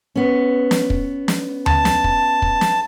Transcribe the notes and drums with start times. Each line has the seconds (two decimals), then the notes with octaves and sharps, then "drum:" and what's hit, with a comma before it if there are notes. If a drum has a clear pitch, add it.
0.16 B3 C#4
0.71 drum: snare
0.90 drum: kick
1.28 drum: snare
1.66 A5, drum: tom D2
1.85 drum: snare
2.04 drum: kick
2.42 drum: kick
2.61 drum: snare